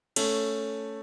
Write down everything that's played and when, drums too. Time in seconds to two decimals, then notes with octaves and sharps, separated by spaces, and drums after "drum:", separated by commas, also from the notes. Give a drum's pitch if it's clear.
0.16 A3 C#4, drum: cymbal